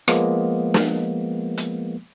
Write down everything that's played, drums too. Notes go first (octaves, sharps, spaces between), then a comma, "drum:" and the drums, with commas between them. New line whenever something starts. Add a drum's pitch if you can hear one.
F3 G#3 A#3 B3, drum: rim click
drum: snare
drum: hi-hat